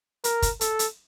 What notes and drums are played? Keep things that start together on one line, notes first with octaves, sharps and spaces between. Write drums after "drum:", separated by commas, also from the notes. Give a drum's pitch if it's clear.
A#4, drum: hi-hat
drum: kick, hi-hat
A4, drum: hi-hat
drum: hi-hat